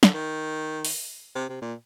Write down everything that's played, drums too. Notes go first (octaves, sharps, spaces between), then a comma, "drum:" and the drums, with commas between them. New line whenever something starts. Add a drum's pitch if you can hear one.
D3, drum: snare
D#3
drum: open hi-hat
C3
C3
A#2